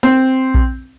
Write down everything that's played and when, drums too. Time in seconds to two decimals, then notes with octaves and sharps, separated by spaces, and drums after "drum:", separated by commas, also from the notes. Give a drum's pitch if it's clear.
0.03 C4, drum: hi-hat
0.54 drum: kick A#1